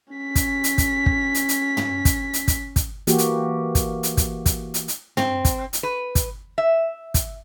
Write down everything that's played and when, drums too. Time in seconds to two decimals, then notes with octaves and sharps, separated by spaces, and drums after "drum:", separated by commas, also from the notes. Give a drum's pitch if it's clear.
0.13 C#4 B6
0.35 drum: kick, hi-hat
0.64 drum: hi-hat
0.78 drum: kick, hi-hat
1.06 drum: kick
1.34 drum: hi-hat
1.49 drum: hi-hat
1.77 drum: tom
2.05 drum: kick, hi-hat
2.33 drum: hi-hat
2.48 drum: kick, hi-hat
2.76 drum: kick, hi-hat
3.07 E3 A#3 F#4 G4, drum: hi-hat
3.18 drum: hi-hat
3.75 drum: kick, hi-hat
4.03 drum: hi-hat
4.17 drum: kick, hi-hat
4.46 drum: kick, hi-hat
4.74 drum: hi-hat
4.88 drum: hi-hat
5.17 C4, drum: tom
5.45 drum: kick, hi-hat
5.73 drum: hi-hat
5.83 B4
6.15 drum: kick, hi-hat
6.58 E5
7.14 drum: kick, hi-hat